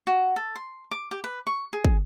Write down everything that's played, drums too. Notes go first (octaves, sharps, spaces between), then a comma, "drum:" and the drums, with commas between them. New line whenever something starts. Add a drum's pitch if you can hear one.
F#4
A4
C6
D6
G4
B4
C#6
G#4
drum: kick